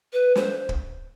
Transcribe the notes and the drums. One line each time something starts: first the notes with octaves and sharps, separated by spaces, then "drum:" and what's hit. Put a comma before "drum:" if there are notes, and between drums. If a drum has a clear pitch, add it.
B4
C5, drum: snare
drum: kick